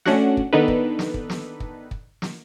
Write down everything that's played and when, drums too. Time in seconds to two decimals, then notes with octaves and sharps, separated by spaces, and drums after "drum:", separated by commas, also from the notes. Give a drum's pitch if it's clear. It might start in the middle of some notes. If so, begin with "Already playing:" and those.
0.05 A3 C#4 D4 F#4 F#5, drum: snare
0.37 drum: kick
0.53 D#3 B3 D4 D#4 A4 B4
0.68 drum: kick
0.99 drum: snare
1.14 drum: kick
1.30 drum: snare
1.60 drum: kick
1.91 drum: kick
2.22 drum: snare